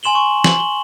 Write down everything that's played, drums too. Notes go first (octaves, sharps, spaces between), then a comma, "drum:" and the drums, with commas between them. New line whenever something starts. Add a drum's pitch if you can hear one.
G#5 C6 E7 F#7 G7
C#6
F#7, drum: snare
G7